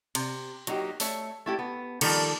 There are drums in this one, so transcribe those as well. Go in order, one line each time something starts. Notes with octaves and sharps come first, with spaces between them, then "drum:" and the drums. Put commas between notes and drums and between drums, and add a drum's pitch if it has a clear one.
C3, drum: cymbal
F#3 A#3 D#4 F4 G4, drum: hi-hat
A3 C#5 E5, drum: open hi-hat
A3 E4 G4
B3
D#3 F3 G3 A#3 A4, drum: cymbal